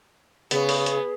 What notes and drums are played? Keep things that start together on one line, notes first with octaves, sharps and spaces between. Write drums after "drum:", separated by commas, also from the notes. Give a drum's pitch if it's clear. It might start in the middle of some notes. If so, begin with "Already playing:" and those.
C#3 B3 G#4, drum: hi-hat
drum: open hi-hat
drum: hi-hat